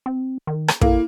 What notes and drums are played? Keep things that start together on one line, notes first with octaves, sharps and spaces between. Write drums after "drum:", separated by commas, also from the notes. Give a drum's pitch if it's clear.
C4
D#3
drum: rim click
A#3 E4 A4, drum: kick